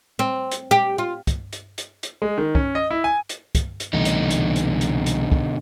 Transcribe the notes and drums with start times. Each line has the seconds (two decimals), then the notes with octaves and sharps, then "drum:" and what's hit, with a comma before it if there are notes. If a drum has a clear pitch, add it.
0.19 C4
0.51 drum: hi-hat
0.71 G4
0.98 F4
1.27 drum: kick, hi-hat
1.53 drum: hi-hat
1.78 drum: hi-hat
2.03 drum: hi-hat
2.22 G#3
2.38 D#3
2.55 C#4, drum: kick
2.75 D#5
2.91 E4
3.04 G#5
3.29 drum: hi-hat
3.55 drum: kick, hi-hat
3.80 drum: hi-hat
3.93 C2 B2 D3 E3 A3 D#4
4.05 drum: hi-hat
4.30 drum: hi-hat
4.56 drum: hi-hat
4.81 drum: hi-hat
5.06 drum: hi-hat
5.32 drum: kick